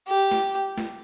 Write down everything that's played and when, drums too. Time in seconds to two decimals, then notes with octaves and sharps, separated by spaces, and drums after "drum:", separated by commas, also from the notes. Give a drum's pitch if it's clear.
0.08 G4
0.31 drum: snare
0.78 drum: snare